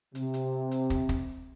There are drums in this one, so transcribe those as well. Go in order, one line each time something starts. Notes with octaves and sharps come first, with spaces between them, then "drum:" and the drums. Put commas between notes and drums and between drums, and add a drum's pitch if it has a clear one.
C3, drum: hi-hat
drum: hi-hat
drum: hi-hat
drum: kick, hi-hat
drum: kick, hi-hat